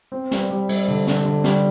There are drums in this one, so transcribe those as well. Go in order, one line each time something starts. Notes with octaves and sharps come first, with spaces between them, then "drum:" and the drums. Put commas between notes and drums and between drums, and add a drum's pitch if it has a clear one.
C4
G3, drum: snare
G3
G3, drum: cymbal
D3
D3, drum: snare
D3
G3, drum: snare